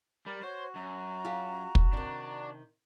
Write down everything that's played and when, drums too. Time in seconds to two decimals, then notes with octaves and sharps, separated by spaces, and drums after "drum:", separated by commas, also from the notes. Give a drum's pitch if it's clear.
0.26 G3 A#4 D5 B5
0.43 F#4 C5 C#5
0.75 F#2 A#5
1.24 F4 G4 G#4
1.75 drum: kick
1.93 C3 D#3 D4